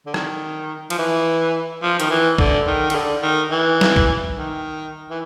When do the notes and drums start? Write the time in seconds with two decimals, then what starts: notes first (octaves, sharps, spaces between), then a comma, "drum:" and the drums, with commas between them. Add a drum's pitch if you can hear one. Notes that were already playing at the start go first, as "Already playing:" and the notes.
0.06 D3
0.14 D#3, drum: rim click
0.90 F3, drum: cymbal
0.99 E3
1.82 F3
2.00 D#3, drum: hi-hat
2.10 E3
2.38 D3, drum: kick
2.67 D#3
2.90 D#3, drum: cymbal
2.95 D3
3.22 D#3
3.51 E3
3.81 drum: snare
3.96 drum: kick
4.35 D#3
5.10 E3